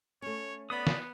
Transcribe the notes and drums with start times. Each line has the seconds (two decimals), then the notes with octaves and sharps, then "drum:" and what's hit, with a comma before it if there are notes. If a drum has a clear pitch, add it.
0.22 A3 C#4 C#5
0.70 B3 D5 B5 D#6
0.87 drum: snare